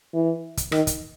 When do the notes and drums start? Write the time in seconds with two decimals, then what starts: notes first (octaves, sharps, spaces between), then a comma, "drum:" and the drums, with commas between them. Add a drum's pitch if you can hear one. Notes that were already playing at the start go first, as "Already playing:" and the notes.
0.13 E3
0.57 drum: kick, hi-hat
0.72 D#3, drum: rim click
0.87 drum: kick, hi-hat